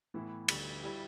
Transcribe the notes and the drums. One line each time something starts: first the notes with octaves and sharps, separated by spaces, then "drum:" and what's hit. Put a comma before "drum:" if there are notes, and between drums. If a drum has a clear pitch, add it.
A2 E3 B3 E4
D2 D3 G3, drum: cymbal
G3 E4 G4